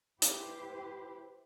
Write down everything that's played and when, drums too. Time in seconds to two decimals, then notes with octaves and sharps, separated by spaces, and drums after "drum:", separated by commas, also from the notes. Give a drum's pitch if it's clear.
0.22 E4 G4 B4 C5, drum: hi-hat